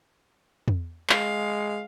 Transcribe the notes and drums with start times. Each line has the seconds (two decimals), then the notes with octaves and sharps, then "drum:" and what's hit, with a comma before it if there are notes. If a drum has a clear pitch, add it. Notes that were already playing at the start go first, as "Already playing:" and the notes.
0.68 drum: tom
1.10 G#3 F5, drum: clap